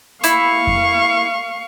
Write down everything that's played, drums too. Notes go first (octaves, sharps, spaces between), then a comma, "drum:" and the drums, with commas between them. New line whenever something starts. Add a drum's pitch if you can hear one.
E4 F5 C#6, drum: hi-hat
drum: kick F2